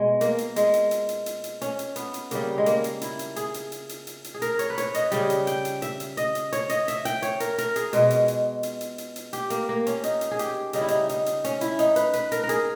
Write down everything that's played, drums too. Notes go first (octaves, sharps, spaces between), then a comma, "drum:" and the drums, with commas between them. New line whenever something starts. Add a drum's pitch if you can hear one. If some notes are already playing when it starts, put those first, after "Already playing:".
Already playing: B2 G#3
A#3, drum: hi-hat
drum: hi-hat
G#3, drum: hi-hat
drum: hi-hat
drum: hi-hat
drum: hi-hat
drum: hi-hat
drum: hi-hat
C#4, drum: hi-hat
drum: hi-hat
B3, drum: hi-hat
drum: hi-hat
C#3 G3 A#3, drum: hi-hat
G#3
A#3, drum: hi-hat
drum: hi-hat
E4, drum: hi-hat
drum: hi-hat
G#4, drum: hi-hat
drum: hi-hat
drum: hi-hat
drum: hi-hat
drum: hi-hat
drum: hi-hat
G#4
A#4, drum: hi-hat
C#5, drum: hi-hat
B4
C#5, drum: hi-hat
D#5, drum: hi-hat
C#3 G3, drum: hi-hat
drum: hi-hat
G5, drum: hi-hat
drum: hi-hat
E5, drum: hi-hat
drum: hi-hat
D#5, drum: hi-hat
drum: hi-hat
C#5, drum: hi-hat
D#5, drum: hi-hat
E5, drum: hi-hat
G5, drum: hi-hat
C#5, drum: hi-hat
A#4, drum: hi-hat
A#4, drum: hi-hat
G#4, drum: hi-hat
B2 G#3, drum: hi-hat
drum: hi-hat
drum: hi-hat
drum: hi-hat
drum: hi-hat
drum: hi-hat
drum: hi-hat
G4, drum: hi-hat
A#3, drum: hi-hat
A#3
C#4, drum: hi-hat
D#4, drum: hi-hat
drum: hi-hat
G#4
G4, drum: hi-hat
C#3 G3 D#4, drum: hi-hat
E4
D#4, drum: hi-hat
D#4, drum: hi-hat
drum: hi-hat
C#4, drum: hi-hat
E4, drum: hi-hat
D#4, drum: hi-hat
B4, drum: hi-hat
B4, drum: hi-hat
A#4, drum: hi-hat
A#4
G#4, drum: hi-hat